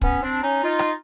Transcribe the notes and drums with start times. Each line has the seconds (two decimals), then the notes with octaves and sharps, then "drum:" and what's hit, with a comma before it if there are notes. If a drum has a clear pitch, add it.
0.02 B3 C#4, drum: kick
0.22 C4 D4
0.43 C#4 D#4
0.64 D#4 F4
0.79 drum: rim click